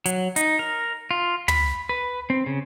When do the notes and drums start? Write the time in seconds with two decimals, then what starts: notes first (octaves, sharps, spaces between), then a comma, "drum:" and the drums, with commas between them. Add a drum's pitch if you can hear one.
0.06 F#3, drum: hi-hat
0.36 D#4, drum: hi-hat
0.59 A#4
1.11 F4
1.48 B5, drum: tom
1.89 B4
2.30 C4
2.46 C#3